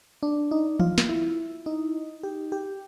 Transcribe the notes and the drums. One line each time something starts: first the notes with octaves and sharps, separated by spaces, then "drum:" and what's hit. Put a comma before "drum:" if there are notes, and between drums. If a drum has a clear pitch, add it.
D4
D#4
F4, drum: tom E3
drum: snare
E4
D#4
G4
G4